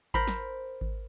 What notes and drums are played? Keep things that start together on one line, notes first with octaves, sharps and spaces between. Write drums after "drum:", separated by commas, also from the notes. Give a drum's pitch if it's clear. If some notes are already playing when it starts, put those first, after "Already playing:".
A#4 C5 B5, drum: kick G#1
drum: snare
drum: kick G#1